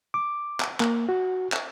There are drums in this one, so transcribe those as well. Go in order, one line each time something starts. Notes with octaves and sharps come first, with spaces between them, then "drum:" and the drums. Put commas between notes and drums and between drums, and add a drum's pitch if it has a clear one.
D6
drum: clap
A#3, drum: clap
F#4
drum: clap